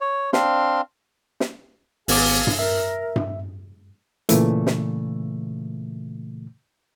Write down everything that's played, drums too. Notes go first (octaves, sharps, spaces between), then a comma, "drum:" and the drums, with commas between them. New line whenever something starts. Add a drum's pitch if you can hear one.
C#5
C4 D4 F5 C6, drum: snare
drum: snare
G#1 B3 G#4 F5 G#5 D6, drum: open hi-hat
drum: tom G2
A#4 E5
drum: tom G2
A#2 C#3 E3 A3, drum: hi-hat
drum: snare